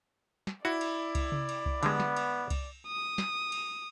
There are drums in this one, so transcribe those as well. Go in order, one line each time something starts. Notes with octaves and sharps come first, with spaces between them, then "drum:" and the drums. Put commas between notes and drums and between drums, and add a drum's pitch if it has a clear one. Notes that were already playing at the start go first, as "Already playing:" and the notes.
drum: snare
E4 F#4 D5
drum: cymbal
drum: kick C2, cymbal
drum: tom C3
drum: cymbal
drum: kick C2
D3 G3 G#3 B3, drum: cymbal
drum: snare
drum: cymbal
drum: kick C2, cymbal
D#6
drum: snare
drum: cymbal